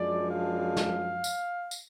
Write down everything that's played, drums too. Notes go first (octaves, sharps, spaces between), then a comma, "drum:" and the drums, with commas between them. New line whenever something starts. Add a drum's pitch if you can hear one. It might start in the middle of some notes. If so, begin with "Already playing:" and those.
Already playing: F#2 F3 G#3 D4 D5
F5
drum: snare
drum: tambourine
drum: tambourine